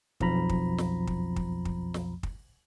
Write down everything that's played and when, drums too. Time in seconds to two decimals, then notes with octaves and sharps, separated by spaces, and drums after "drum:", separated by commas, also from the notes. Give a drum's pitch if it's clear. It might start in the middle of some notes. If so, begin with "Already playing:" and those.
0.20 B1 F2 F3 A#5 B5, drum: kick
0.49 drum: kick
0.78 drum: snare
1.07 drum: kick
1.36 drum: kick
1.65 drum: kick
1.94 drum: snare
2.23 drum: kick